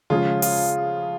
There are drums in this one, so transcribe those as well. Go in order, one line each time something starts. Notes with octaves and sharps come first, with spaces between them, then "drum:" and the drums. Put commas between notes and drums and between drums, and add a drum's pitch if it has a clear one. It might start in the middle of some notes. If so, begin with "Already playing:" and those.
C#3 F3 G#3 C#4 F4 G#4
F4, drum: open hi-hat